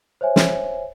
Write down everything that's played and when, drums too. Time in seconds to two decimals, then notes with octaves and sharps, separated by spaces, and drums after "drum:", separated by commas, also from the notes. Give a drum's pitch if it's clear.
0.21 C5 C#5 E5 G#5
0.36 drum: snare